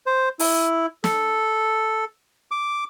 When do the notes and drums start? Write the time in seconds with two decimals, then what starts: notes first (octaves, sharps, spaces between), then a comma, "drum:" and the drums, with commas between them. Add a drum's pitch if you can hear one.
0.06 C5
0.39 E4, drum: open hi-hat
1.04 A4, drum: snare
2.51 D6